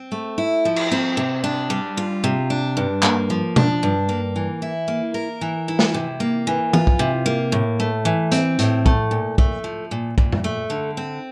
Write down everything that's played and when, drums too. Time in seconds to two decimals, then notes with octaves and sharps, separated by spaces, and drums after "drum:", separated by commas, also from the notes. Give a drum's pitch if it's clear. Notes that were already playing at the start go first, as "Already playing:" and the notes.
Already playing: C4
0.12 A3
0.38 E4
0.65 F3
0.76 drum: cymbal
0.91 C4
1.17 C3
1.44 D4
1.70 G3
1.97 F4
2.24 C3
2.50 D4
2.77 G2
3.03 A#3, drum: clap
3.30 F3
3.56 D4, drum: tom B2
3.83 G2
4.09 A#3
4.36 E3
4.62 E4
4.88 A#3
5.14 A#4
5.41 E3
5.68 E4
5.79 drum: snare
5.94 C3
6.20 A#3
6.47 E3
6.73 F4, drum: tom E3
6.87 drum: kick
6.99 C3
7.26 A#3
7.52 A2
7.80 A3
8.05 E3
8.32 C4, drum: hi-hat
8.59 A2, drum: hi-hat
8.86 A3, drum: kick
9.11 A#2
9.38 A3, drum: kick
9.64 F3
9.91 A#2
10.18 A#2, drum: kick
10.33 drum: tom F#2
10.44 A3
10.70 D3
10.97 C4